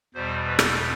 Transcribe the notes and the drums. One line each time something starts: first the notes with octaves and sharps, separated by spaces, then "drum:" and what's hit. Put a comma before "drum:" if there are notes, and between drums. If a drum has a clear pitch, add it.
E2 B2 G3 C5
B4
drum: rim click